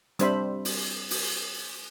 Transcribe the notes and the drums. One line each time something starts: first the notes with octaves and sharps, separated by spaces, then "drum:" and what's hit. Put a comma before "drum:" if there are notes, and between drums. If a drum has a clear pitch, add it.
G3 C4 D4 C5 E5 B5, drum: hi-hat
drum: open hi-hat
drum: open hi-hat